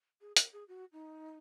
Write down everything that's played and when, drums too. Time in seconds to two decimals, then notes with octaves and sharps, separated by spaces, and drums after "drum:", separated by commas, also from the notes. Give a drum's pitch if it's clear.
0.21 G#4
0.37 A#4, drum: hi-hat
0.52 G#4
0.68 F#4
0.92 D#4